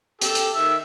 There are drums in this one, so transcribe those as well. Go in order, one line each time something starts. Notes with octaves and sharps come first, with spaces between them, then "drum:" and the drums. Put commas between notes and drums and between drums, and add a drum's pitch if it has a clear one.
G4 A4, drum: hi-hat
drum: hi-hat
D#3 E5 E6